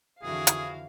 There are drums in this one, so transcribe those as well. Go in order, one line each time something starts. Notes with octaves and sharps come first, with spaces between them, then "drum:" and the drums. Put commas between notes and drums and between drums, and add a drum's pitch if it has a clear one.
F2 D3 E3 E4 F#4 G#4 F5
drum: hi-hat